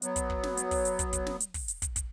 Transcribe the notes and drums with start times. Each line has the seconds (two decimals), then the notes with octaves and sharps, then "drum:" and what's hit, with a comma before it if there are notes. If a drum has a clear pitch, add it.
0.02 F#3 B3, drum: hi-hat
0.16 drum: kick, hi-hat
0.30 drum: kick
0.43 drum: snare
0.57 drum: hi-hat
0.71 drum: kick, open hi-hat
0.85 drum: hi-hat
0.99 drum: kick, hi-hat
1.13 drum: kick, hi-hat
1.27 drum: snare
1.40 drum: hi-hat
1.54 drum: kick, open hi-hat
1.68 drum: hi-hat
1.82 drum: kick, hi-hat
1.96 drum: kick, hi-hat